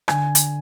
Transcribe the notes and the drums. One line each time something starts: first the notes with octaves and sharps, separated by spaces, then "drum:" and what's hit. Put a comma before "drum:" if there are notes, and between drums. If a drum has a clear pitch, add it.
D3 G#5, drum: rim click
drum: hi-hat